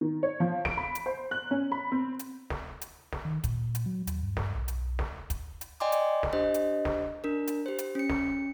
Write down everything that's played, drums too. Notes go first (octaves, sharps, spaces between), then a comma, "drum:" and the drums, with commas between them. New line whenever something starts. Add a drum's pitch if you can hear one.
D#3
C#5
F3
D7, drum: snare
B5
drum: hi-hat
C5
F#6
C#4
B5
C4
drum: hi-hat
drum: snare
drum: hi-hat
drum: snare
D#3
A#2, drum: kick, hi-hat
drum: hi-hat
F#3
D#2, drum: hi-hat
G2
drum: snare
B1
drum: hi-hat
drum: snare
drum: kick, hi-hat
drum: hi-hat
D5 D#5 G5 G#5 C6 D6
drum: hi-hat
drum: snare
D4 G4 C5 D#5
drum: hi-hat
drum: snare
D4 A#4
drum: hi-hat
G4 C5
drum: hi-hat
C#4 C#7
drum: snare